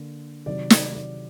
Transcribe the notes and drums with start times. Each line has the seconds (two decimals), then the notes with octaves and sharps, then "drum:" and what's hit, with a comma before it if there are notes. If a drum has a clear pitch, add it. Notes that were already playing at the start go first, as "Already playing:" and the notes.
Already playing: D3 A#3
0.46 C3 D#3 F#3 D5
0.70 D5, drum: snare
0.95 D5